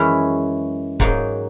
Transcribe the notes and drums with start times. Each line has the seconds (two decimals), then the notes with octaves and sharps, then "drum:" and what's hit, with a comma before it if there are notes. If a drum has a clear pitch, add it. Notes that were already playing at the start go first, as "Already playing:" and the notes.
Already playing: F#2 E3 G#3 C#4 E4
1.00 G#2 F#3 A#3 D#4, drum: kick